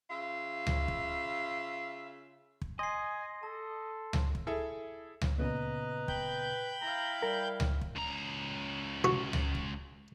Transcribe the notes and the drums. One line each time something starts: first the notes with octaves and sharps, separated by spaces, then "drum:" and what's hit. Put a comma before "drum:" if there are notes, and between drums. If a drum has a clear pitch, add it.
C#3 F4 E5
drum: tom C#2
drum: kick
drum: kick
D#5 G#5 C6 C7
A4 A5
drum: tom C#2
drum: kick
E4 G#4 A4 E5
drum: tom C#2
A#2 C#3 B3 B4 D#5 A#5
G5 B5 G6, drum: kick
E4 F5 A#5
G3 A#4
drum: tom C#2
drum: kick
C#2 A#5
F#4
drum: tom C#2
drum: kick